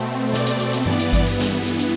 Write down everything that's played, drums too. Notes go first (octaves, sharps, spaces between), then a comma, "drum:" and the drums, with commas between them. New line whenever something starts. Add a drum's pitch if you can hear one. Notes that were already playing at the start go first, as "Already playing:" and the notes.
Already playing: B2 A3 C4
D5, drum: snare
drum: hi-hat
drum: hi-hat
drum: hi-hat
G2 E3 B3 D5, drum: tom G2
drum: hi-hat
drum: kick G#1, hi-hat
drum: open hi-hat
drum: snare
drum: hi-hat
drum: hi-hat